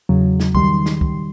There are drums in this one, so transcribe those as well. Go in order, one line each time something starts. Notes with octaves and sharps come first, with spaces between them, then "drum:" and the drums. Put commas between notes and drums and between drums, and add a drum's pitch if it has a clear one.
E2 C#3 F#3
drum: snare
D#3 G3 C6, drum: kick
drum: snare
drum: kick